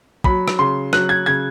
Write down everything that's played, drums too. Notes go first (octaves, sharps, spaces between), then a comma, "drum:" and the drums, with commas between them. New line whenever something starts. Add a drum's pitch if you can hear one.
F#3 B5, drum: kick
drum: rim click
C#3 C6
F#3 F#6, drum: rim click
G#6
C#3 G#6